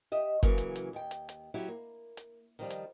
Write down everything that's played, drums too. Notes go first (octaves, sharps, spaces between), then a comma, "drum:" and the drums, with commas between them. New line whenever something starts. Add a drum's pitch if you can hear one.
G4 D#5 E5
C#3 E3 F#3 A#3, drum: kick F#1, hi-hat
drum: hi-hat
drum: hi-hat
D#2 G5
drum: hi-hat
drum: hi-hat
F#3 E4 G4
A#3
drum: hi-hat
D#3 F3 G3
drum: hi-hat